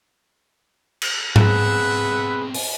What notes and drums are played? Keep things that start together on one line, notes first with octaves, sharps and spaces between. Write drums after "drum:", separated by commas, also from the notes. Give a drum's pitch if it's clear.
drum: cymbal
B2 C4 G#4 B4 E5 F#5, drum: tom G#2
drum: open hi-hat